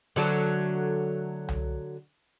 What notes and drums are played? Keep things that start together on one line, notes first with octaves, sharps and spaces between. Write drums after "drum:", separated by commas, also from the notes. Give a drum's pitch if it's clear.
D3 F#3 A3, drum: hi-hat
drum: tom C2